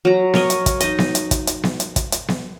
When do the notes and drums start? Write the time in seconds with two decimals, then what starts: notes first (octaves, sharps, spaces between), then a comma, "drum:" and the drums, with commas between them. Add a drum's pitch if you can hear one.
0.05 F#3 A#5
0.34 A#4 C#5 D#5, drum: snare B3
0.50 drum: hi-hat
0.66 drum: kick, hi-hat
0.80 D#4 D#5, drum: hi-hat
0.99 drum: snare B3
1.15 drum: hi-hat
1.31 drum: kick, hi-hat
1.47 drum: hi-hat
1.63 drum: snare B3
1.80 drum: hi-hat
1.96 drum: kick, hi-hat
2.12 drum: hi-hat
2.28 drum: snare B3